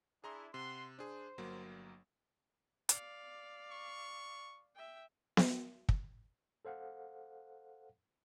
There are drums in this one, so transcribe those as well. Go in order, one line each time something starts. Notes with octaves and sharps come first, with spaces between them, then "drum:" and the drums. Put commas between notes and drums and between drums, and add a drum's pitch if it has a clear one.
D4 E4 G#4 A#5 C6
C3 F#5 C6
D4 G#4 C5
G1 F#3 A#3
D5 F5, drum: hi-hat
C#6
E5 G5
drum: snare B3
drum: kick
A4 C5 F5 F#5